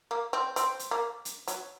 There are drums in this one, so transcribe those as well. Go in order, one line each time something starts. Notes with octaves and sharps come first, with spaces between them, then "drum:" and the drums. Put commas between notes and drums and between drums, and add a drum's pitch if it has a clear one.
A#3
C4
C4, drum: hi-hat
drum: hi-hat
A#3
drum: hi-hat
F#3, drum: hi-hat